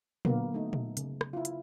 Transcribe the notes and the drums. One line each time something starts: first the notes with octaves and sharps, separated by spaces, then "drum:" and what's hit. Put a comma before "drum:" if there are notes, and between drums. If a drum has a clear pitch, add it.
D3 F#3 A#3 B3, drum: tom A#2
A3 B3 D#4
drum: tom A#2
C#3, drum: hi-hat
drum: rim click
E4 F4
drum: hi-hat